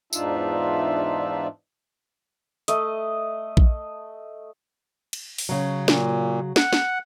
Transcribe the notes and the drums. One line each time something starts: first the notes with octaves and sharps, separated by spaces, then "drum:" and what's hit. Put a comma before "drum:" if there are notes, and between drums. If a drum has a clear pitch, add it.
E2 G#2 D4 D#4 F4 E5, drum: tambourine
A3 D#5, drum: hi-hat
drum: kick A#1
drum: cymbal
drum: open hi-hat
C#3 F#3
A#2, drum: snare
F#5, drum: snare
drum: snare